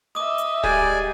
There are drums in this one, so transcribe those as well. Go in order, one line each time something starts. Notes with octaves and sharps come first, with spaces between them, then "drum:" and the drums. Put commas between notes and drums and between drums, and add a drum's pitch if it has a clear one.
D#5 E5 D6 D#6
drum: hi-hat
G3 G#3 D5 G#5, drum: kick D1